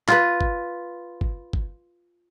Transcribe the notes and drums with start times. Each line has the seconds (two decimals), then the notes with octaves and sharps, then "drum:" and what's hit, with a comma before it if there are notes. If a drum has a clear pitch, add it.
0.08 F4 B4, drum: clap
0.41 drum: kick
1.21 drum: kick
1.53 drum: kick